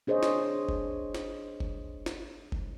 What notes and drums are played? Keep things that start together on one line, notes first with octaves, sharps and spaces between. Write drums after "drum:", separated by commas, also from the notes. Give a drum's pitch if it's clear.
D4 G#4 C5 C#5 D#5
drum: snare
drum: kick F#1
drum: snare
drum: kick F#1
drum: snare
drum: kick F#1